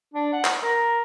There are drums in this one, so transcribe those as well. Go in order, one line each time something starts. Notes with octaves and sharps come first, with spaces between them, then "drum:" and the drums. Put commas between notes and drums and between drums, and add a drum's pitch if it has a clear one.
D4
F#5
drum: clap
A#4